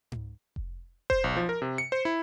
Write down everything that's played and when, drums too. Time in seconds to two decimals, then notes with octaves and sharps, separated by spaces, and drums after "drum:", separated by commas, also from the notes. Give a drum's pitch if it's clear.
0.12 drum: tom G#2
0.56 drum: kick F1
1.10 C5, drum: kick F1
1.24 B1
1.36 F3
1.49 A#4
1.62 C3
1.78 C#7
1.92 C5
2.05 E4